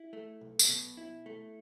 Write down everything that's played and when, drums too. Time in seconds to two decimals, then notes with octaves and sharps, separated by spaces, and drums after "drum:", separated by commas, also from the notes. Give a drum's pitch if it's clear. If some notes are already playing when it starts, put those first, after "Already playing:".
Already playing: E4
0.13 A3
0.41 B1
0.59 drum: tambourine
0.68 B2
0.97 E4
1.26 A3